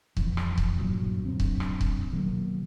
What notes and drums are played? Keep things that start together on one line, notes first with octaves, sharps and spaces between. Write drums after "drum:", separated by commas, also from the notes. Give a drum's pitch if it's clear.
F2 E3, drum: kick C#1
drum: rim click
drum: kick C#1
B1 G2 A#2 F#3
D1 F#2 D3 C4
drum: kick C#1
drum: rim click
drum: kick C#1
B2 D#3 F#3 A#3